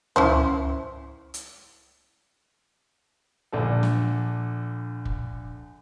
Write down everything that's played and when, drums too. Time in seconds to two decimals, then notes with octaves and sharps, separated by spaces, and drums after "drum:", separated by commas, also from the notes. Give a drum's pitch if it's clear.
0.16 C#4 E4 C5, drum: tom C#2
1.34 drum: hi-hat
3.52 A#1 D3 A4
3.83 drum: snare
5.05 drum: kick